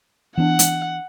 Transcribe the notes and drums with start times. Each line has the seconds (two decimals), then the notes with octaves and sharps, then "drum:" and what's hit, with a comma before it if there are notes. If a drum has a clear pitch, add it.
0.37 E3 B3 D4 F#5
0.59 drum: hi-hat